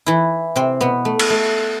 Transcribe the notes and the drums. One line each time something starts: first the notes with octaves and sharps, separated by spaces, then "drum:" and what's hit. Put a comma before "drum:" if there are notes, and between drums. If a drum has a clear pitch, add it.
E3 E4
C3 C4
B2 B3
A3
drum: cymbal
A3